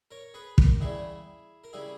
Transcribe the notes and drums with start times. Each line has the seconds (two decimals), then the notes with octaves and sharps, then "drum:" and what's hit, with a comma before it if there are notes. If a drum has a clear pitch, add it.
0.11 A#4 C#5
0.34 G#4 B4
0.58 G4 A#4, drum: kick
0.81 E2 C#3 G3 E4 G#4
1.64 A#4
1.73 C#3 G3 E4 G#4